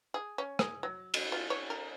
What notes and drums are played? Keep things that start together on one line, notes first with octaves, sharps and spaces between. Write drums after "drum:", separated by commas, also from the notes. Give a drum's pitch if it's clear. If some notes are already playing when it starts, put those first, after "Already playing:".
G#4
C#4
G#4, drum: rim click
F#3
drum: cymbal
F4
C#5
A#4